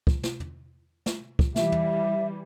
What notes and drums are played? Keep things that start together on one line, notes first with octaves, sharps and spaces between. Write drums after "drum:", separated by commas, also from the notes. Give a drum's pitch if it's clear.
drum: kick
drum: snare
drum: tom
drum: snare
drum: kick
E3 G3 E5, drum: snare
drum: tom